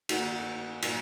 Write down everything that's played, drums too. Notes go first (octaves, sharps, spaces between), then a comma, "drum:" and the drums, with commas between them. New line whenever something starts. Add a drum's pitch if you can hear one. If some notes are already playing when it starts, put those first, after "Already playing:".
D#3 A#3 F#4, drum: cymbal
F#4
A#2 F#3 A#3, drum: cymbal